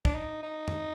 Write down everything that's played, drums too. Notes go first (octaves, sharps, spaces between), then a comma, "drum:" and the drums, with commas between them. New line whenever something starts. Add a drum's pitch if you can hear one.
D4, drum: kick
D#4
D#4
drum: tom F2